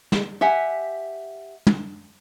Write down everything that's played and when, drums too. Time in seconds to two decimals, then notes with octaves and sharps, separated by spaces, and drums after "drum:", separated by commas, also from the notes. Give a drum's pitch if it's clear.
0.12 drum: snare
0.41 G4 E5 F#5 G#5
1.67 drum: tom